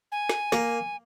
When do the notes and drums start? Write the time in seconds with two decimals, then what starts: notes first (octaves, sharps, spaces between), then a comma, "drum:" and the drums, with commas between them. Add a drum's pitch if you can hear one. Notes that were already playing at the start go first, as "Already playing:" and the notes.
0.12 G#5
0.29 drum: snare
0.52 A#3, drum: snare